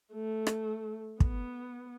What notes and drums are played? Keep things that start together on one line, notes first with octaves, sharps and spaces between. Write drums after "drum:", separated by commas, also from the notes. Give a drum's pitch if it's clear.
A3
drum: rim click
B3, drum: kick